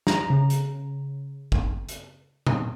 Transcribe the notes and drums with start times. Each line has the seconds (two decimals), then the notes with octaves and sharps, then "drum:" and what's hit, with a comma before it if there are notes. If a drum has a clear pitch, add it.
0.07 A#5, drum: snare
0.30 C#3
0.50 drum: hi-hat
1.52 drum: kick
1.89 drum: hi-hat
2.47 drum: tom A#2